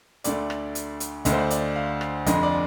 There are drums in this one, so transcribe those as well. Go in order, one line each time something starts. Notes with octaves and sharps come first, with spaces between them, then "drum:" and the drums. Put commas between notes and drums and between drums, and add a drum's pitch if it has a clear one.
D2 D3 A3 D5, drum: hi-hat
drum: rim click
drum: hi-hat
drum: hi-hat
D2 D3 A3 D#5, drum: kick, hi-hat
C5
D5
D5, drum: hi-hat
F5
drum: rim click
F1 F2 D3 D#5, drum: kick, hi-hat
D5